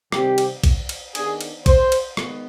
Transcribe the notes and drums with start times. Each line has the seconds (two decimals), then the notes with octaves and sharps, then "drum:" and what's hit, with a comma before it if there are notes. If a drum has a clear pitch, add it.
0.12 C3 D#3 G3 C4 G4, drum: rim click
0.38 drum: cymbal
0.64 drum: kick A#1, cymbal
0.89 drum: cymbal
1.15 D#3 B3 D4 G#4, drum: cymbal
1.41 drum: cymbal
1.66 C5, drum: kick A#1, cymbal
1.92 drum: cymbal
2.17 D#3 G#3 B3, drum: rim click